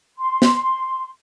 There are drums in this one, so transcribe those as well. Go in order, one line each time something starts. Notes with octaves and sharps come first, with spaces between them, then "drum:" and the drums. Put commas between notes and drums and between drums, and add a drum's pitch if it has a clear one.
C6
drum: snare B3